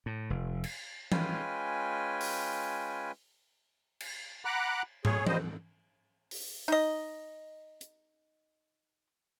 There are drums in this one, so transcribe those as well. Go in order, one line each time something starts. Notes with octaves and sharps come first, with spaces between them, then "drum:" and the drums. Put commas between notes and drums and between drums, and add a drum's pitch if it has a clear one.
A2
F1
drum: cymbal
G#3 C#4 F4 B4 G5 G#5, drum: tom E3
drum: open hi-hat
drum: cymbal
F#5 A#5 B5 D6 F#6
G#4 C#5, drum: tom
A2 F3 G3 C5 D#5, drum: tom E3
drum: open hi-hat
D#4 D#5
drum: hi-hat